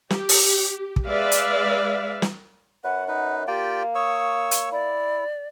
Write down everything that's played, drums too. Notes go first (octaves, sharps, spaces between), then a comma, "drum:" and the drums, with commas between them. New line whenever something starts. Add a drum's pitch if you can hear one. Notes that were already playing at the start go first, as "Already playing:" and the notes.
G4, drum: snare
drum: open hi-hat
drum: kick
G#3 B4 D5 E5 F5
drum: hi-hat
drum: snare
F#2 B4 F#5
D#4 B4
A#3 F4 G4 D5 G5
C#5 C#6 D#6 E6
drum: hi-hat
E4 D5